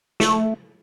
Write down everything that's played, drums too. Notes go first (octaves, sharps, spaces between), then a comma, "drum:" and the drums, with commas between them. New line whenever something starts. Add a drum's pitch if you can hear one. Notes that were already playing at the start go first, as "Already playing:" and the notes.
A3, drum: snare